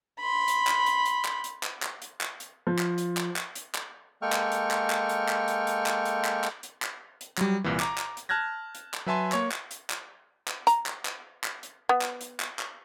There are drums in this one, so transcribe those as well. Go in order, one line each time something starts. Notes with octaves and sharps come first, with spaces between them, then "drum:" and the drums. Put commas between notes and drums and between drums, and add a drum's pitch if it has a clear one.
B5 C6
drum: hi-hat
drum: clap
drum: hi-hat
drum: hi-hat
drum: clap
drum: hi-hat
drum: clap
drum: clap
drum: hi-hat
drum: clap
drum: hi-hat
F3
drum: clap
drum: hi-hat
drum: clap
drum: clap
drum: hi-hat
drum: clap
G#3 A#3 A4 G5 C#6 F6
drum: clap
drum: hi-hat
drum: clap
drum: clap
drum: hi-hat
drum: clap
drum: hi-hat
drum: hi-hat
drum: clap
drum: hi-hat
drum: clap
drum: clap
drum: hi-hat
drum: clap
drum: hi-hat
F#3 G3, drum: clap
C2 A#2 E3
A#5 D6, drum: clap
drum: clap
drum: hi-hat
A5 F6 F#6 G#6 A#6
drum: hi-hat
drum: clap
F#3 B4 E5 G#5 A5 C6
A#3 C#5 C#6, drum: clap
drum: clap
drum: hi-hat
drum: clap
drum: clap
A#5, drum: hi-hat
drum: clap
drum: clap
drum: clap
drum: hi-hat
B3
drum: clap
drum: hi-hat
drum: clap
drum: clap